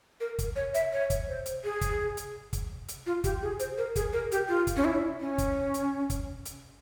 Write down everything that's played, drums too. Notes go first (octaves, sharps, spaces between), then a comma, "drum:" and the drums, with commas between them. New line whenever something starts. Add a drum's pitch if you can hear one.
A#4
drum: kick, hi-hat
C#5
E5, drum: hi-hat
C#5
drum: kick, hi-hat
C5
drum: hi-hat
G#4
drum: kick, hi-hat
drum: hi-hat
drum: kick, hi-hat
drum: hi-hat
F4
G4, drum: kick, hi-hat
G#4
C5, drum: hi-hat
A#4
G#4, drum: kick, hi-hat
A#4
G4, drum: hi-hat
F4
drum: kick, hi-hat
C#4
E4
C#4
drum: kick, hi-hat
drum: hi-hat
drum: kick, hi-hat
drum: hi-hat